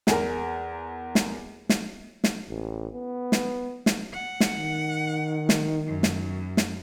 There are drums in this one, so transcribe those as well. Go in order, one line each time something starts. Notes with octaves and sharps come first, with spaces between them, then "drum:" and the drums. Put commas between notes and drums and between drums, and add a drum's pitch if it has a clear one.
E2 A#4, drum: snare
drum: snare
drum: snare
drum: snare
A1
B3
drum: snare
drum: snare
F#5
drum: snare
D#3
drum: snare
F#2
drum: snare
drum: snare